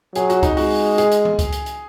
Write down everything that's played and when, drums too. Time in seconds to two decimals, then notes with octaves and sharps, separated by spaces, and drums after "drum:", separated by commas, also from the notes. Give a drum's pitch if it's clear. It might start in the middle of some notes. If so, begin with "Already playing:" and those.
0.15 F#3 G#4, drum: hi-hat
0.30 F#4, drum: hi-hat
0.43 D#4, drum: kick C#2, hi-hat
0.57 G#3 F#4, drum: open hi-hat
0.70 drum: open hi-hat
0.98 G#4, drum: hi-hat
1.11 drum: hi-hat
1.25 drum: tom E3
1.39 drum: kick C#2, hi-hat
1.52 drum: hi-hat
1.66 drum: hi-hat